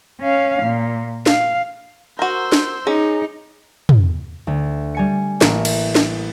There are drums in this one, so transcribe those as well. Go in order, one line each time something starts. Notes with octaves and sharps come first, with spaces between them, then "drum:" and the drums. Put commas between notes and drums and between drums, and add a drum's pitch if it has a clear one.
C#4 F5
A#2
F5, drum: snare
F#4 A#4 C5 E6
drum: snare
C#4 D#4 G#4
drum: tom
D2
G3 G#5 C#7
A1 A#3 E5, drum: snare
drum: cymbal
drum: snare